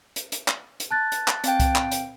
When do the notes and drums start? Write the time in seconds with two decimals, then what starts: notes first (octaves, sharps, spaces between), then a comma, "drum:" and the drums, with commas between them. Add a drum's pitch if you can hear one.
0.16 drum: hi-hat
0.32 drum: hi-hat
0.48 drum: clap
0.80 drum: hi-hat
0.91 A5 F#6 A6
1.12 drum: hi-hat
1.28 drum: clap
1.44 C4 F5 G5, drum: hi-hat
1.60 drum: kick C2, hi-hat
1.76 drum: clap
1.92 drum: hi-hat